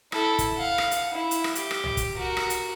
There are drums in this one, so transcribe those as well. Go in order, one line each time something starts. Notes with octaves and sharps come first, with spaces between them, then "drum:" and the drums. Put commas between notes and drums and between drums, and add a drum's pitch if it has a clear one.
E4 A4, drum: rim click
drum: kick, hi-hat
F5 F#5
drum: rim click
drum: hi-hat
E4
drum: hi-hat
drum: rim click
G4, drum: hi-hat
drum: rim click
drum: tom B1
drum: kick, hi-hat
F#4 A#4
drum: rim click
drum: hi-hat